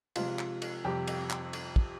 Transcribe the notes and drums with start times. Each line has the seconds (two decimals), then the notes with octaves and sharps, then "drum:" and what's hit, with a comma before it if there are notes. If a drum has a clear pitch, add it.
0.16 C3 F3 G#3 F4, drum: cymbal
0.39 drum: clap
0.62 drum: cymbal
0.85 F2 C3 G3 G4
1.07 drum: cymbal
1.30 drum: clap
1.53 drum: cymbal
1.76 drum: kick